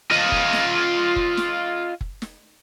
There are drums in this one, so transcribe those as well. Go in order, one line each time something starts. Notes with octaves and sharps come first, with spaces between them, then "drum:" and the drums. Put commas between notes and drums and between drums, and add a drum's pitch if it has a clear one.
F4 D#5
drum: kick
drum: snare
drum: kick
drum: snare
drum: kick
drum: snare